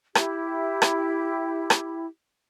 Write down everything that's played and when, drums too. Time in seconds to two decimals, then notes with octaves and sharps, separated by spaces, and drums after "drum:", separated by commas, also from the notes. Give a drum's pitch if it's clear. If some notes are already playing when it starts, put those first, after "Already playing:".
0.15 E4 G4, drum: rim click
0.82 drum: rim click
1.70 drum: rim click